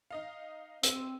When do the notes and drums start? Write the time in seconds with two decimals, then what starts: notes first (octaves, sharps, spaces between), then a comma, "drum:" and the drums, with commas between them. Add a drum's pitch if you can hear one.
0.11 D#4 D#5 F5
0.83 C4 E6 D#7, drum: hi-hat